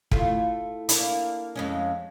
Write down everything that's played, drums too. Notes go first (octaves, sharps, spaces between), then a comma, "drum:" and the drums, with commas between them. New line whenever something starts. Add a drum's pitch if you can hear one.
A3 E4 F4, drum: kick
A#3 D4 E4, drum: hi-hat
F2 G#3 C#4